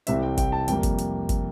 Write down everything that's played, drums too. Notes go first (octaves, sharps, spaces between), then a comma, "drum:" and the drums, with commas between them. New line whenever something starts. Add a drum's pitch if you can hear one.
C2 C3 E3 G3 C4 E5, drum: hi-hat
G5
G5, drum: kick, hi-hat
A5
F2 C3 G3 A#3 G5, drum: hi-hat
drum: kick, hi-hat
drum: hi-hat
drum: kick, hi-hat